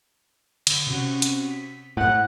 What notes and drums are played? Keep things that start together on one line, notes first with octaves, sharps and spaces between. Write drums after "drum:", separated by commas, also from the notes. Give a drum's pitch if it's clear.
D3, drum: cymbal
C3 C#4 F#4
drum: hi-hat
B6
A2 F#5 F#6 G6